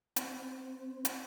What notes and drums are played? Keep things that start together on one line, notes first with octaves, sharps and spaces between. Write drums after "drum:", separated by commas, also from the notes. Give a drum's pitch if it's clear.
C4, drum: hi-hat
drum: hi-hat